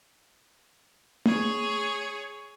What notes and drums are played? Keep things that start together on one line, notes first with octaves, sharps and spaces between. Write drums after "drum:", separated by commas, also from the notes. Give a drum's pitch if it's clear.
G#4 C#5, drum: tom A3